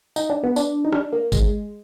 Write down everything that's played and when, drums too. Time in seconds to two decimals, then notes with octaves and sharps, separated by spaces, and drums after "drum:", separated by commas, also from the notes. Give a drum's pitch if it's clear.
0.16 D#4, drum: tambourine
0.30 D4
0.43 B3
0.56 D4, drum: tambourine
0.85 D#4
0.93 D4, drum: rim click
1.13 A#3
1.32 G#3, drum: kick, tambourine